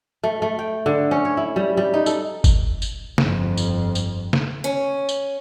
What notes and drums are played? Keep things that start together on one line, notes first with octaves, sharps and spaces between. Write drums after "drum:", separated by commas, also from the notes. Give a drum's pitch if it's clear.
A3
A3
G5
D3
C#4
C#5
E4
G3
G3
D#4
A4, drum: tambourine
drum: kick, tambourine
drum: tambourine
G1 F2, drum: snare
drum: tambourine
drum: tambourine
drum: snare
C#4
drum: tambourine